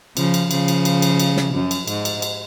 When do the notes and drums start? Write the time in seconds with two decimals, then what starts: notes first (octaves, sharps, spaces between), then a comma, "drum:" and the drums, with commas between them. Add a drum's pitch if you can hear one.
0.17 C#3 F3, drum: cymbal
0.34 drum: cymbal
0.51 C#3 F3, drum: cymbal
0.68 drum: cymbal
0.85 drum: cymbal
1.02 drum: cymbal
1.20 drum: cymbal
1.37 drum: snare
1.54 F#2
1.71 drum: cymbal
1.88 G#2, drum: cymbal
2.05 drum: cymbal
2.22 drum: cymbal